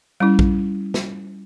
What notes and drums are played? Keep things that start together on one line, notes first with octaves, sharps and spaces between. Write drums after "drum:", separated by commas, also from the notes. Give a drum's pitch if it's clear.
G3 C#4 E4
drum: kick A#1
drum: snare